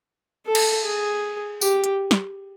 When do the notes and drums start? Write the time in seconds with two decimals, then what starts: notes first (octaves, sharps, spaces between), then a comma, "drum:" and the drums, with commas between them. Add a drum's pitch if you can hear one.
0.46 A4
0.55 drum: cymbal
0.84 G#4
1.61 G4, drum: tambourine
1.84 drum: hi-hat
2.11 drum: snare